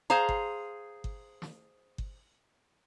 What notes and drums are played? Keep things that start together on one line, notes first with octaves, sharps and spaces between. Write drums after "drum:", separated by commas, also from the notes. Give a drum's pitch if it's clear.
G#4 C5 F5 A#5
drum: kick G1
drum: kick G1
drum: snare
drum: kick G1